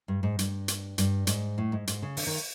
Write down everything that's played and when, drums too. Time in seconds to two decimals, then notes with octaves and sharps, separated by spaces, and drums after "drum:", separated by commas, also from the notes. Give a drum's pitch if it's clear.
0.08 G2
0.23 G#2
0.39 G2, drum: hi-hat
0.68 drum: hi-hat
0.98 G2, drum: hi-hat
1.27 G#2, drum: hi-hat
1.58 A2
1.72 G#2
1.87 G#2, drum: hi-hat
2.02 C#3
2.17 D3, drum: open hi-hat
2.27 D#3